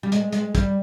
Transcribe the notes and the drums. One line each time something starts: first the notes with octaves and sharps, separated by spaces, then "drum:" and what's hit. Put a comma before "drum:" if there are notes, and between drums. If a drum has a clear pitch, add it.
G3
G#3, drum: hi-hat
G#3, drum: hi-hat
G3, drum: kick, hi-hat